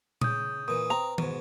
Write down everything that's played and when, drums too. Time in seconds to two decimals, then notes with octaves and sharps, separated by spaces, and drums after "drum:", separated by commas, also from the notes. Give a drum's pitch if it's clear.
0.22 C#3 D#6 G6, drum: tom A#2
0.68 A#2 E3 D#6
0.90 C4 B4 A#5
1.18 G#2 B2, drum: tom